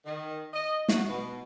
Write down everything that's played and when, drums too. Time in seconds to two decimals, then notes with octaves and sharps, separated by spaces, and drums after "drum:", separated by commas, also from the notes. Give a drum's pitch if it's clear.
0.05 D#3
0.54 D#5
0.88 F#4, drum: snare
1.09 B2